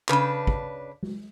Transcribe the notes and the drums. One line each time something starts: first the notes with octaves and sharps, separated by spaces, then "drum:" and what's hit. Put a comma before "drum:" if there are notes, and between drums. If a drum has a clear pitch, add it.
C#3 D4 B4, drum: clap
drum: kick
drum: tom G#3